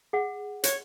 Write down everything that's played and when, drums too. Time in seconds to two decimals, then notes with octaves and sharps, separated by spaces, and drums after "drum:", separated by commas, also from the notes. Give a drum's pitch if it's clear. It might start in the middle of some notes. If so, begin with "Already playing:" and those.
0.13 G#4 F#5
0.64 C#5, drum: hi-hat